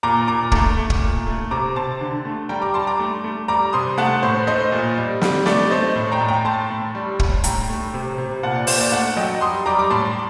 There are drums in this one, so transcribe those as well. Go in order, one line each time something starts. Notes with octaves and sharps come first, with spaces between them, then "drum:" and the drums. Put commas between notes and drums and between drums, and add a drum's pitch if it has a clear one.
A#2 A#5 D6
A#2 A#5 D6
A3 A#5 D6, drum: kick
A3
drum: kick
A#2
A3
C3 A#5 D6
C3 A5 C6
D3
A3
G3 G5 A#5
A#5 D6
G3 A5 C6
A#5 D6
A3
A3
G3 A#5 D6
C3 C6 D#6
A3 F#5 A5
A2 C5
A3 C5 D#5
A#2
G3
G3, drum: snare
A3 D5, drum: snare
A3 C5 D#5
A2
G5 A#5
A2
G5 A#5
A3 A5 C6
A2
G3
A2, drum: kick
A2 G5 A#5, drum: hi-hat
A3
C3
C3
A#2 F#5 A5
D5
A#2 C5, drum: open hi-hat
D5
A3 F#5 A5
F#3 D#5 G5
G3 C6 D#6
G3 A#5 D6
D6
A2 A5 C6